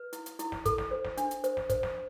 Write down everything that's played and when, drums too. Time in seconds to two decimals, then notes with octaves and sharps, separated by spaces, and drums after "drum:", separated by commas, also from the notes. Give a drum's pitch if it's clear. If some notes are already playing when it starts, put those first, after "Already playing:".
Already playing: B4
0.13 E4, drum: hi-hat
0.26 drum: hi-hat
0.39 E4, drum: hi-hat
0.52 drum: snare
0.65 A4, drum: kick, hi-hat
0.78 drum: snare
0.91 C5
1.05 drum: snare
1.17 D4, drum: hi-hat
1.31 drum: hi-hat
1.44 C5, drum: hi-hat
1.57 drum: snare
1.70 C5, drum: kick, hi-hat
1.83 drum: snare